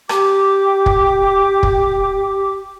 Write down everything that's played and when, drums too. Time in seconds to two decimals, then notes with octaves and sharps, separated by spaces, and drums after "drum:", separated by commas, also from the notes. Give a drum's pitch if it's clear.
0.09 G4 D6, drum: rim click
0.86 drum: kick
1.63 drum: kick